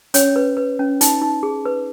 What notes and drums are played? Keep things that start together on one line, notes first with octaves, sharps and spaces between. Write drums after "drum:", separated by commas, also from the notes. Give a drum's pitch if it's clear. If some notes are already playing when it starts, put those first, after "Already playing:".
C#4 C#5, drum: hi-hat
B4
B4
C#4
D#4, drum: hi-hat
D#4
G#4
B4